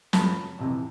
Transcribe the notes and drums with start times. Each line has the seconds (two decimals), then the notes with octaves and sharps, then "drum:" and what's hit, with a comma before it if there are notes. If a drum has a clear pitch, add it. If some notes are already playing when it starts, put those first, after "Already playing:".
0.13 F#2 C#3 F3 A5 B5, drum: snare
0.59 F2 C3 E3